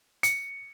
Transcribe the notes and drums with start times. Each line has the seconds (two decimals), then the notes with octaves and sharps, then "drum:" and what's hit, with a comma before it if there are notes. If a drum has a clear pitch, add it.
0.23 C#7, drum: hi-hat